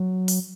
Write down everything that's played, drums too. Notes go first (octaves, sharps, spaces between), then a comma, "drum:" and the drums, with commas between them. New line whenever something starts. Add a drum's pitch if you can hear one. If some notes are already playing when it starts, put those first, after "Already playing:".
Already playing: F#3
drum: open hi-hat